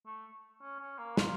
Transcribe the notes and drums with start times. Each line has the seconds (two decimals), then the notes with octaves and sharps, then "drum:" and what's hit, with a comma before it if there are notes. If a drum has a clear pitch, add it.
0.06 A3
0.61 C#4
0.80 C#4
0.98 A#3
1.17 F4, drum: snare